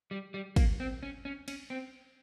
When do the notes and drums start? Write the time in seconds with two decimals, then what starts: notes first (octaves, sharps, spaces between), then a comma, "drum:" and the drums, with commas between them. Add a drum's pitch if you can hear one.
0.11 G3
0.34 G3
0.56 A#3, drum: kick, cymbal
0.80 C4
1.03 C#4
1.25 C#4
1.48 C#4, drum: cymbal
1.70 C4